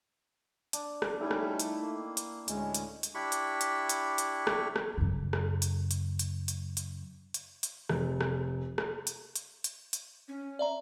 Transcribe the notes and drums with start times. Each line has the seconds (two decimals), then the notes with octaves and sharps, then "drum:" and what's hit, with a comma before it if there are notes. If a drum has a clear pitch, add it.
0.73 D4, drum: hi-hat
1.02 drum: rim click
1.20 G3 A3 C#4 D#4 E4 G5
1.31 drum: rim click
1.60 drum: hi-hat
1.81 A#3
2.17 drum: hi-hat
2.48 D2 A2 G#3 C#4, drum: hi-hat
2.74 drum: hi-hat
3.03 drum: hi-hat
3.15 D4 E4 G4 B5 C#6
3.32 drum: hi-hat
3.61 drum: hi-hat
3.89 drum: hi-hat
4.18 drum: hi-hat
4.47 drum: rim click
4.76 drum: rim click
4.98 F#2 C#3
5.33 drum: rim click
5.62 drum: hi-hat
5.91 drum: hi-hat
6.19 drum: hi-hat
6.48 drum: hi-hat
6.77 drum: hi-hat
7.34 drum: hi-hat
7.63 drum: hi-hat
7.89 F1, drum: rim click
8.21 drum: rim click
8.78 drum: rim click
9.07 drum: hi-hat
9.36 drum: hi-hat
9.64 drum: hi-hat
9.93 drum: hi-hat
10.28 C#4
10.59 D5 E5 A#5